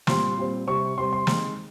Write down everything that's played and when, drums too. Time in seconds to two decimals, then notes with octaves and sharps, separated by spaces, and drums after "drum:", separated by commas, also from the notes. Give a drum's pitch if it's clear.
0.07 A#2 G3 C4 C6, drum: snare
0.37 A#2 G3 C4
0.67 C3 G3 C4 C#6
0.98 C3 G3 C4 C6
1.13 C6
1.27 D#3 G#3 C4, drum: snare